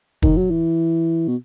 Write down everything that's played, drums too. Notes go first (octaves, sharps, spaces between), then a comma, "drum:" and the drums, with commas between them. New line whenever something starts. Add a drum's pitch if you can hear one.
D#3, drum: kick
F#3
E3
B2